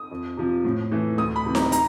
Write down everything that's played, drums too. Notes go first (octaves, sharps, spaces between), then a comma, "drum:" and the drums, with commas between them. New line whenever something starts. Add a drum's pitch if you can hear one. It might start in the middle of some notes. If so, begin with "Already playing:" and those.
Already playing: D#6
F2
C3 F3
A2
E3 A3
D2 D#6
B5
C3 E3
A#5, drum: snare D#4
A#5, drum: hi-hat